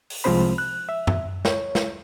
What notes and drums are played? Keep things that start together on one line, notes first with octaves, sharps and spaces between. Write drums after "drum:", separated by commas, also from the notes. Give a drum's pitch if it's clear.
drum: open hi-hat
C2 F3 G#3 C4 C5 B5
F#6
E5
drum: tom F#2
C#5, drum: snare
drum: snare